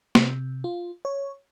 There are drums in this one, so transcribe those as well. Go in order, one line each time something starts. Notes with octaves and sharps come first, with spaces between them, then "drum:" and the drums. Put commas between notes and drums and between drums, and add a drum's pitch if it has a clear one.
C3, drum: snare
F4
C#5